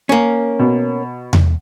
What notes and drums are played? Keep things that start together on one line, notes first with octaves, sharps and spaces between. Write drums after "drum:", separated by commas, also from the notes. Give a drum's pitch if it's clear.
A#3 C#4
B2
drum: tom E2